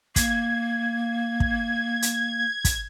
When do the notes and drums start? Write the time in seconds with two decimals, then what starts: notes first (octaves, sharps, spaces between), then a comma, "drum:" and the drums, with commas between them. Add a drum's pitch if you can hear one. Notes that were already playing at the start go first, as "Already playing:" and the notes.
0.16 A#3 G#6, drum: kick, hi-hat
1.40 drum: kick
2.02 drum: hi-hat
2.65 drum: kick, hi-hat